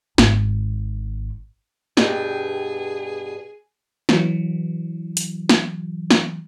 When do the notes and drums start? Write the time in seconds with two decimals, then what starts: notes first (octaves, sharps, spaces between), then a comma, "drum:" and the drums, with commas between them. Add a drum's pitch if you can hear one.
0.18 G#1, drum: snare
1.97 G2 B2 G#4 G5, drum: snare
4.09 E3 F#3, drum: snare
5.17 drum: hi-hat
5.49 drum: snare
6.11 drum: snare